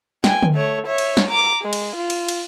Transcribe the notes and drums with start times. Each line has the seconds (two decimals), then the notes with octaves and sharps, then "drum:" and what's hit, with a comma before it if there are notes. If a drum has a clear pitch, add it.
0.24 G5 G#5, drum: snare
0.43 drum: tom D3
0.55 A3 C#5
0.86 C#5 E5
0.98 drum: cymbal
1.17 drum: snare
1.29 A#5 D6
1.62 G#3
1.73 drum: cymbal
1.96 F4
2.10 drum: cymbal
2.29 drum: cymbal